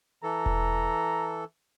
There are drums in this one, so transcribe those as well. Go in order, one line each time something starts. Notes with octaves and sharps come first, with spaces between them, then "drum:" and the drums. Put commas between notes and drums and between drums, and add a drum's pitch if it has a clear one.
E3 A4 A#5
drum: kick E1